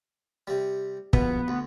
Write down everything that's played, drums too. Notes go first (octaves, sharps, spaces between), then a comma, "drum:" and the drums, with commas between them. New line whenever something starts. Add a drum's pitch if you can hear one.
C3 G3
A#1 B2 B3, drum: kick
D2